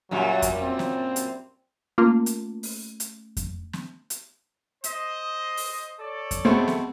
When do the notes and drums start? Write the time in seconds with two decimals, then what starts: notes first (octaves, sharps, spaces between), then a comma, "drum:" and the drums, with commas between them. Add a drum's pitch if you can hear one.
0.11 F#2 A#2 F#3 G3
0.42 drum: kick F2, hi-hat
0.62 C4
0.79 drum: snare
1.16 drum: hi-hat
1.98 A3 A#3 C#4 F4
2.26 drum: hi-hat
2.63 drum: open hi-hat
3.00 drum: hi-hat
3.37 drum: kick F2, hi-hat
3.73 drum: snare
4.10 drum: hi-hat
4.84 C5 D#5, drum: hi-hat
5.57 drum: open hi-hat
6.00 A4 C#5 D5
6.31 drum: kick F2, hi-hat
6.45 B2 G#3 A3 C4
6.68 drum: snare